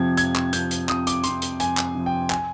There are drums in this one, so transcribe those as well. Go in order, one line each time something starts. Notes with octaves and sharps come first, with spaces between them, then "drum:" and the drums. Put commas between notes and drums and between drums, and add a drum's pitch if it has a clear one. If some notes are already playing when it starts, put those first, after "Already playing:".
Already playing: F2 C3 F3 G#6
F2 G#6, drum: hi-hat
drum: clap
C3 F3 G6, drum: hi-hat
drum: hi-hat
F2 D#6, drum: clap
D6, drum: hi-hat
C3 F3 C6, drum: hi-hat
drum: hi-hat
F2 G#5, drum: hi-hat
drum: clap
C3 F3
G5
G#5, drum: clap